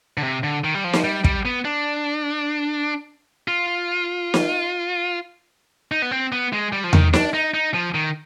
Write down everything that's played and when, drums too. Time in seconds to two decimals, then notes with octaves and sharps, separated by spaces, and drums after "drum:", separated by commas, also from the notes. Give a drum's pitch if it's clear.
0.17 D3
0.23 C3
0.44 D3
0.64 D#3
0.74 G3
0.84 F3
0.93 drum: snare
1.04 G3
1.24 G3, drum: kick
1.45 B3
1.65 D4
3.48 F4
4.34 drum: snare
5.92 D#4
6.02 B3
6.11 C4
6.32 B3
6.53 G#3
6.73 G3
6.84 F3
6.93 D#3, drum: tom E2
7.13 D4, drum: snare
7.34 D#4
7.54 D#4
7.74 F3
7.94 D#3